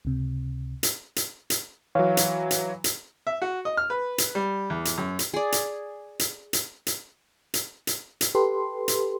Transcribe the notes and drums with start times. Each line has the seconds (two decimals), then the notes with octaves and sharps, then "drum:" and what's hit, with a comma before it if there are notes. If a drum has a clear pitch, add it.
0.05 C#2 C3
0.83 drum: hi-hat
1.16 drum: hi-hat
1.50 drum: hi-hat
1.95 E3 F#3 C#5 F5
2.17 drum: hi-hat
2.51 drum: hi-hat
2.84 drum: hi-hat
3.27 E5
3.42 F#4
3.65 D#5
3.77 F6
3.90 B4
4.18 drum: hi-hat
4.35 G3
4.70 E2
4.85 drum: hi-hat
4.98 F#2
5.19 drum: hi-hat
5.34 G#4 D5
5.52 drum: hi-hat
6.19 drum: hi-hat
6.53 drum: hi-hat
6.87 drum: hi-hat
7.54 drum: hi-hat
7.87 drum: hi-hat
8.21 drum: hi-hat
8.35 G4 A4 B4 C6
8.88 drum: hi-hat